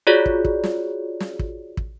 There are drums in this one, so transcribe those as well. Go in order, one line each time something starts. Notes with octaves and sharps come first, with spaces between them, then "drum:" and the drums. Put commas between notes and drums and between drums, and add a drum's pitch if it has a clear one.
F4 F#4 G#4 C#5 D5
drum: kick
drum: kick
drum: snare
drum: snare
drum: kick
drum: kick